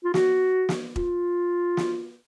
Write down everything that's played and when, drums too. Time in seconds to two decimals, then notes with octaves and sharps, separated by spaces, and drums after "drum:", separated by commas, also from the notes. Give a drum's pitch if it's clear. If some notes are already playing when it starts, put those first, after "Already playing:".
0.04 F4
0.14 F#4, drum: snare
0.69 drum: snare
0.96 F4, drum: kick E1
1.77 drum: snare